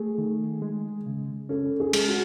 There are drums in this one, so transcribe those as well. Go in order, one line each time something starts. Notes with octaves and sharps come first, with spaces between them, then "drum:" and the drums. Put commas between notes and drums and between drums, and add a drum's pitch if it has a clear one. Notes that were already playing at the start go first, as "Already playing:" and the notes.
Already playing: A3 G#4
D#3
G#3
C#3
C#4 A4
G#4
G#3, drum: cymbal
F#4